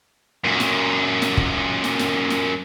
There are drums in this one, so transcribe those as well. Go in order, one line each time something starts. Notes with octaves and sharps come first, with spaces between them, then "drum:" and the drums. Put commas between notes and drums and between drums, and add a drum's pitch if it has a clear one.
F#2 A#2
drum: snare
drum: snare
drum: kick
drum: snare
drum: snare
drum: snare